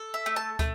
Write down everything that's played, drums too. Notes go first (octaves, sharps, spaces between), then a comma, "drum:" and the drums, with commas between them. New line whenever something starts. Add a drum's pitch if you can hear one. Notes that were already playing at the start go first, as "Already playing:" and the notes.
Already playing: A4
E5
A3
A5
A3, drum: kick, hi-hat